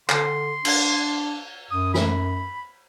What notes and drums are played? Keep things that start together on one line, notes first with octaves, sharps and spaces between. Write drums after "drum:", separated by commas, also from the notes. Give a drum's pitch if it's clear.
D3 C6, drum: clap
D4, drum: cymbal
F#2 D#6
B5, drum: snare